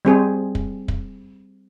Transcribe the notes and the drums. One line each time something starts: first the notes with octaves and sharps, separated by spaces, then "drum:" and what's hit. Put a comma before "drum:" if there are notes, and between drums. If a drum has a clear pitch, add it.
G3 C4 G#4
drum: kick
drum: kick